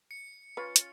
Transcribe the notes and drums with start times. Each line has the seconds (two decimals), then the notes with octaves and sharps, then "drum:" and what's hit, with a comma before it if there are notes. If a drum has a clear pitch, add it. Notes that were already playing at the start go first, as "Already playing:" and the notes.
0.11 C#7
0.57 C#4 F4 B4
0.76 drum: hi-hat